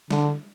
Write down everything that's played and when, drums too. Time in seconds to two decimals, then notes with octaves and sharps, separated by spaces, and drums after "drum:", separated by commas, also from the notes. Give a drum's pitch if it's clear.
0.11 D3, drum: snare